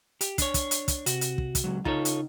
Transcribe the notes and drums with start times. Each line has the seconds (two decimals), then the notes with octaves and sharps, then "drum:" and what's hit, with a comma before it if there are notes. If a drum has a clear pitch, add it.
0.21 G4, drum: hi-hat
0.38 D4 C#5, drum: kick, hi-hat
0.54 drum: kick, hi-hat
0.71 drum: hi-hat
0.88 drum: kick, hi-hat
1.06 C3 F#4, drum: hi-hat
1.21 drum: hi-hat
1.38 drum: kick
1.55 drum: kick, hi-hat
1.64 C#2 F#3
1.85 C#3 D#4 F4 A4 C#5 A#5, drum: kick
2.05 drum: hi-hat